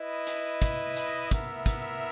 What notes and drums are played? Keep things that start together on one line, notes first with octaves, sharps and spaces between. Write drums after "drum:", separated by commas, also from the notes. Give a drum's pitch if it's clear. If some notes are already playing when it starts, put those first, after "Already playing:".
Already playing: E4 B4 D#5
drum: hi-hat
drum: kick, hi-hat
drum: hi-hat
B3 E4 A#4 E5, drum: kick, hi-hat
drum: kick, hi-hat